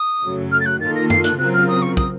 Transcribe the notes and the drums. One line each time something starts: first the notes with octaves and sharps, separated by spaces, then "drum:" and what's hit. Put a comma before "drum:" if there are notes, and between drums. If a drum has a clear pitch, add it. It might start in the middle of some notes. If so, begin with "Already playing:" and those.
Already playing: D#6
F#2 C#3 F#3 A3
F6
A6
F#6
D#3 A#3 F4 A4 A6
A#6
C7, drum: tom F#2
F#6, drum: hi-hat
C#3 F#3 C4 F4 A#4 F#6
F6
D#6
C#6
D#6, drum: kick